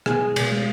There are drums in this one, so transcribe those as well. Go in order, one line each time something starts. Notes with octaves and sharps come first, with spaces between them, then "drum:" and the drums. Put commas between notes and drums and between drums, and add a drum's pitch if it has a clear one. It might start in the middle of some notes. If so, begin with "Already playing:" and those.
B2 G#4 G#5, drum: rim click
G#3
B2, drum: cymbal
G#3